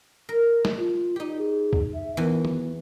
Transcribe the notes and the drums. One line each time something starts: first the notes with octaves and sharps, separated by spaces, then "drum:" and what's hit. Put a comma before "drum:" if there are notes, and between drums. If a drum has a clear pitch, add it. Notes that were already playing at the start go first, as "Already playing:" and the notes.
A#4
drum: snare
F4
D#4 G4
G#4
drum: kick D2
E5
E2 E3 B3 F#4
drum: tom